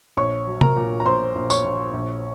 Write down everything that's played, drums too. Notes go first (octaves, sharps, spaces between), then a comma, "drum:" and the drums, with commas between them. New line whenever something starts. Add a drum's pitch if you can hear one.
A#1 C#5 C#6
F#3
A#4 A#5, drum: tom C3
A#2
A#5
A#1 C5 C6
A#1
C#5 C#6, drum: tambourine
A#1
A#1